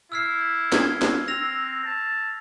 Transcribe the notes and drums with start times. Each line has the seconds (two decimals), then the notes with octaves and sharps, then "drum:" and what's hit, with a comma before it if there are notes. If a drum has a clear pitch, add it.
0.12 E4 E6 F6 C7
0.72 G#6 G7, drum: snare
1.02 drum: snare
1.28 C4 E6 A#6 F7
1.85 A5